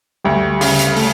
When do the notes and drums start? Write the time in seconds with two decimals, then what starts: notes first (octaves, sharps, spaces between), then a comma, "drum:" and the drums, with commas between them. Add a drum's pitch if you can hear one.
0.25 D2 G3 G4
0.61 C#3, drum: open hi-hat
0.79 drum: hi-hat
0.96 A3 A4, drum: open hi-hat